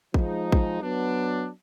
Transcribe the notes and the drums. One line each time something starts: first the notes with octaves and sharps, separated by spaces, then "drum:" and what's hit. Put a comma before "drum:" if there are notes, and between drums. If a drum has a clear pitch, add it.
F3 G#3 D#4, drum: kick
drum: kick
F#3 B3 D4